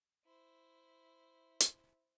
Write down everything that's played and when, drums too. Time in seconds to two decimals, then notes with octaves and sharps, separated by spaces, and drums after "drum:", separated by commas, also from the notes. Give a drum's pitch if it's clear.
0.25 E4 C5
1.60 drum: hi-hat